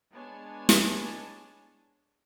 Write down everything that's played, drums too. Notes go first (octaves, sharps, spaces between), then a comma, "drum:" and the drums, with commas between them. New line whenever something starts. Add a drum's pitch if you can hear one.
G#3 B3 D4 C#5 G#5 A5
drum: snare